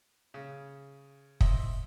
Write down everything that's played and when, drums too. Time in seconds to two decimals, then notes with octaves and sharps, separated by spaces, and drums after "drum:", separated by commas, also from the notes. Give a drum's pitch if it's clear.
0.34 C#3
1.41 F3 D#5 E5, drum: kick